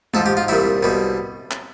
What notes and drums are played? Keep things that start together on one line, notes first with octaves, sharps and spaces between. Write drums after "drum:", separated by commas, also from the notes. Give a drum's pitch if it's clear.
G#2 F3 A4, drum: tom G#3
G4
F4
C2 A#2 G3 E4
C2 B2 G3
drum: clap